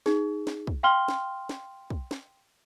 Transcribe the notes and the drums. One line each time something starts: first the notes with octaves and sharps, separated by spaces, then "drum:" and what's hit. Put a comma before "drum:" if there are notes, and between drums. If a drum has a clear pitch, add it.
D#4 G#4, drum: snare
drum: snare
drum: kick
F5 G5 C6 F6 G7
drum: snare
drum: snare
drum: kick
drum: snare